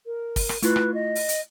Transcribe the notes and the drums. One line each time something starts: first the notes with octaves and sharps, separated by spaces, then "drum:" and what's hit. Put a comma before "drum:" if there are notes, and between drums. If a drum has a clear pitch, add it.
A#4
drum: kick, open hi-hat
drum: rim click
A3 E4 F4 B4, drum: hi-hat
drum: rim click
D#5
drum: open hi-hat
drum: hi-hat